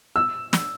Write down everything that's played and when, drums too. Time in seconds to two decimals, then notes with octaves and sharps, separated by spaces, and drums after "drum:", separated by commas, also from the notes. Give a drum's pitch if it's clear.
0.16 E6
0.53 drum: snare